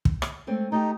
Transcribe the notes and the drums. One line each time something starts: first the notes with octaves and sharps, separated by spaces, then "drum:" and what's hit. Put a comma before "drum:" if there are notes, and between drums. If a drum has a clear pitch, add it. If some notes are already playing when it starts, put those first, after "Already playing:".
drum: kick
drum: rim click
G#3 A3 C4
A3 D#4 G4